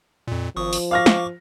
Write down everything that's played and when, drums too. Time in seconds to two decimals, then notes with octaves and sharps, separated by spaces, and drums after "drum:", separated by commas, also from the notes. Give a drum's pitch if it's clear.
0.28 F2 A#2
0.56 G#1 F3 C#6 D#6
0.73 drum: open hi-hat
0.91 F5 C#6 D6 F6 A#6
1.06 drum: snare